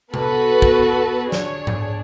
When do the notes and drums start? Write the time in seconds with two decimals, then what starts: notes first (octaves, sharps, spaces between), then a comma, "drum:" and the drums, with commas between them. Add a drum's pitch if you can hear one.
0.14 B3 F#4 A4 B4, drum: tom C3
0.62 drum: kick
1.32 D4 G#4 C#5, drum: snare
1.67 drum: tom G#2